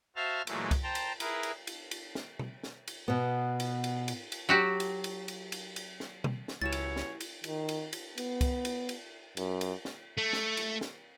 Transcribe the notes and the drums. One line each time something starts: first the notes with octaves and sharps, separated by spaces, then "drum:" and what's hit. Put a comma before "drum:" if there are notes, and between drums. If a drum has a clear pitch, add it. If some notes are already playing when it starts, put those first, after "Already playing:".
F#4 C5 E5 F5 A5 F6
A#2 E3 F#3 G#3 A3, drum: cymbal
drum: kick C2, cymbal
C5 G5 A5 A#5
drum: cymbal
E4 G#4 A#4 B4, drum: cymbal
drum: cymbal
drum: cymbal
drum: cymbal
drum: snare
drum: tom B2
drum: snare
drum: cymbal
B2 B3
drum: cymbal
drum: cymbal
drum: cymbal
drum: cymbal
F#3 F#4 G4
drum: cymbal
drum: cymbal
drum: cymbal
drum: cymbal
drum: cymbal
drum: snare
drum: tom B2
drum: snare
C#2 F#2 B2 E4 G4 C#5 A6 E7
drum: cymbal
drum: snare
drum: cymbal
D#3, drum: cymbal
drum: cymbal
drum: cymbal
B3, drum: cymbal
drum: kick C2, cymbal
drum: cymbal
drum: cymbal
F#2, drum: cymbal
drum: cymbal
drum: snare
A3
drum: snare
drum: cymbal
drum: snare